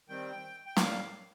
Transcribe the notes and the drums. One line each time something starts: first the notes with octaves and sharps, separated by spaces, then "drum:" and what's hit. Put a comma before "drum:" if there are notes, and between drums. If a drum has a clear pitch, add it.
D#3 G3 C4 G5
G5
A2 G3 A#3 F5, drum: snare